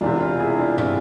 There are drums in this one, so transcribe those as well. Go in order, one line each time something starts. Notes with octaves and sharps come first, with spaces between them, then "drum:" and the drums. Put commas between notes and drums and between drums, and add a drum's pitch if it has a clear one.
E1 E2 C3 D4 F4
D4 F4
E4 G#4
D4 F4
C3 D4 F4, drum: tom